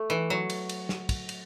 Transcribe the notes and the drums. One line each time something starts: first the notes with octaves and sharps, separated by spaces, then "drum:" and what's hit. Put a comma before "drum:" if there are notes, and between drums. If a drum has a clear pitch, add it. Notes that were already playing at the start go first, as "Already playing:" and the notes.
Already playing: A3
E3
F#3
drum: cymbal
drum: cymbal
drum: snare
drum: kick, cymbal
drum: cymbal